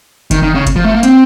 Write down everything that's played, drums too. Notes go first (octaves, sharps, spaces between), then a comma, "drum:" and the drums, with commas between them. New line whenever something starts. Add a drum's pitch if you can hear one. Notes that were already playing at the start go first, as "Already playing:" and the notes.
D#3, drum: kick F#1, hi-hat
D#3
C#3
drum: kick F#1, hi-hat
F3
A3
A#3
C4, drum: hi-hat